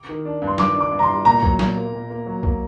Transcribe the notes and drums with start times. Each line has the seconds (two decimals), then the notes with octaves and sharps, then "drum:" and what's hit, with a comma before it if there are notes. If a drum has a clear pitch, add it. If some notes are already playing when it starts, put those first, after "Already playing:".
Already playing: D6
0.09 D#3
0.25 D4
0.42 G2
0.47 C6
0.58 D#3 D6, drum: snare
0.75 D4
0.81 D6
0.92 G2
0.99 A#5
1.03 C6
1.09 G3
1.25 A#2 A#5
1.43 F#3, drum: kick B1
1.59 A#2, drum: snare
1.77 A#3
1.93 A#2
2.10 A#3
2.26 F#3
2.43 A#3, drum: kick B1